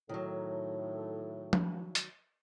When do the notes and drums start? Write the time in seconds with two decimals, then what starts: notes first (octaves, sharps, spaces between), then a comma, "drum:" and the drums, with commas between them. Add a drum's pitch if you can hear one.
0.09 A2 D#3 F#3
1.53 drum: tom F3
1.95 drum: hi-hat